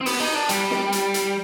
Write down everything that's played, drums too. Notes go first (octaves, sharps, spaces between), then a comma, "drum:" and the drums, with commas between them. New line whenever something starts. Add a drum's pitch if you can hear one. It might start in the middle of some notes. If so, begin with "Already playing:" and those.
C4
B3, drum: open hi-hat
D#4
D4
G3, drum: hi-hat
drum: snare
drum: hi-hat
drum: hi-hat